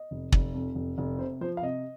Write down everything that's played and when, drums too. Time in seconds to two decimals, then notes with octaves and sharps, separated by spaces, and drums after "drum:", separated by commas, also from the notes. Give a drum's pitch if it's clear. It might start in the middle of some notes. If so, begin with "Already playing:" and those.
Already playing: D#5
0.11 F1
0.32 F1, drum: kick
0.54 F2
0.75 F1
0.98 F1
1.19 C3 C5
1.41 F3 C5
1.57 F5
1.62 C3 D#5